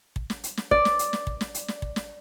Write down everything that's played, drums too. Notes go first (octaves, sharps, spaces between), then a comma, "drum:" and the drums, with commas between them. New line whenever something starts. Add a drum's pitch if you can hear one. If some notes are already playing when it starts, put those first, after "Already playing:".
drum: kick
drum: snare
drum: hi-hat
drum: snare
D5, drum: kick
drum: snare
drum: hi-hat
drum: snare
drum: kick
drum: snare
drum: hi-hat
drum: snare
drum: kick
drum: snare